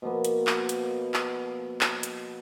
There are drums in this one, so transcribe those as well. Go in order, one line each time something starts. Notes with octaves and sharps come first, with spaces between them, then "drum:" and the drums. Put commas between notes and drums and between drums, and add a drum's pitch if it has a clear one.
B2 F3 A#3 B3
drum: hi-hat
drum: clap
drum: hi-hat
drum: clap
drum: clap
drum: hi-hat